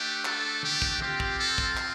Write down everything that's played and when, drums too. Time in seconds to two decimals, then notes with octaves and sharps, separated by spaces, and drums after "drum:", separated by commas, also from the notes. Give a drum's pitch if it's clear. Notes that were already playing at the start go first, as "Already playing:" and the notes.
Already playing: A3 D4 G4
0.25 A4, drum: clap
0.63 G4, drum: tom D3
0.82 drum: kick
1.01 C4 F4 G4, drum: tom D3
1.20 drum: kick
1.39 A4
1.58 drum: kick
1.77 drum: clap